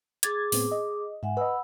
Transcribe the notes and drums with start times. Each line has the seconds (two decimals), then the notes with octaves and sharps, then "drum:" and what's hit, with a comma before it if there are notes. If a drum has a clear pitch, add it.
0.23 G#4 D6 G#6 A6, drum: hi-hat
0.52 A2 B3 C4, drum: open hi-hat
0.72 D#5
1.23 G#2 E5 F#5 G#5
1.37 B4 D#5 F#5 B5 E6